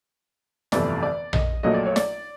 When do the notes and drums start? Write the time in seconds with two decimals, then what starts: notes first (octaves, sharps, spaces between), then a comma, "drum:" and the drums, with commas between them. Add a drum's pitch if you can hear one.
0.72 G1 F2 C3 E3 A3 D5, drum: snare
1.03 D5
1.33 D#5, drum: tom A#1
1.63 A#1 A#2 F#3 A3 D#5
1.74 D5
1.86 C#5
1.96 D5, drum: snare